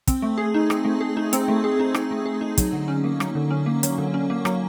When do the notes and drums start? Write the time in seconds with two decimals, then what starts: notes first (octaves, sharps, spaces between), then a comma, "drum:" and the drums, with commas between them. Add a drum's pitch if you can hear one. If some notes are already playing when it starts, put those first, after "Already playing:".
0.07 C4, drum: kick, hi-hat
0.22 A3
0.38 G#4
0.54 D#4
0.70 C4, drum: rim click
0.85 A3
1.01 G#4
1.17 D#4
1.33 C4, drum: hi-hat
1.48 A3
1.64 G#4
1.80 D#4
1.94 C4, drum: rim click
2.11 A3
2.26 G#4
2.41 D#4
2.58 F#3, drum: kick, hi-hat
2.73 D3
2.88 C#4
3.04 A#3
3.20 F#3, drum: rim click
3.35 D3
3.51 C#4
3.66 A#3
3.83 F#3, drum: hi-hat
3.98 D3
4.14 C#4
4.30 A#3
4.45 F#3, drum: rim click